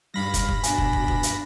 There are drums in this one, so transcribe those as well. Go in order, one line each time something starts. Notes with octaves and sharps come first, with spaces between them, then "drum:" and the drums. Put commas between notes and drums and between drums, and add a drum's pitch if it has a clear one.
G2 G3 F5 B5 A#6
drum: kick, hi-hat
drum: kick
B2 D4 G#5, drum: hi-hat
drum: kick
drum: kick
drum: kick
drum: hi-hat